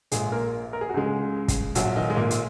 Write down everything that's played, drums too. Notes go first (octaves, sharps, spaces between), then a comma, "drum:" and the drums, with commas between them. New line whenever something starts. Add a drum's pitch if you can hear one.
A#1 A#2 G#3 G#4, drum: hi-hat
A#3 A#4
A#4
G#4
F#4
C#2 C#3 G#3 G#4
drum: kick, hi-hat
A#1 A#2 F#3 F#4, drum: hi-hat
D#3 D#4
G#3
A#2 A#3
drum: hi-hat